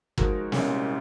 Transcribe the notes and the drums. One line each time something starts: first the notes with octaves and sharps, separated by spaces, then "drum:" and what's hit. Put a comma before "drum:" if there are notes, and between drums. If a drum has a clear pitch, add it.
F3 G#3 D#4 F#4 A#4, drum: kick
C2 A#2 G#3 C#4, drum: snare